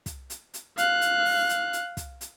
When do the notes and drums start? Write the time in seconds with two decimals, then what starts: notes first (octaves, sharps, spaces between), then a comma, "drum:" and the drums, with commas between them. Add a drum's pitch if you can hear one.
0.06 drum: kick, hi-hat
0.30 drum: hi-hat
0.54 drum: hi-hat
0.78 F5 F#6, drum: hi-hat
1.01 drum: hi-hat
1.25 drum: open hi-hat
1.49 drum: hi-hat
1.73 drum: hi-hat
1.97 drum: kick, hi-hat
2.21 drum: hi-hat